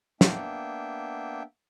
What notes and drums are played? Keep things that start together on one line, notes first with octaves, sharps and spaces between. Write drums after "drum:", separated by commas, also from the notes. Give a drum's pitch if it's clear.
A#3 B3 D4 E5 G5, drum: snare